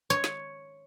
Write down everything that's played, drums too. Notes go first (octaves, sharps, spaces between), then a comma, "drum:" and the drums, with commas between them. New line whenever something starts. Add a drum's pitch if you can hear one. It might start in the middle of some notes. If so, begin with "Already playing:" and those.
C#5
drum: snare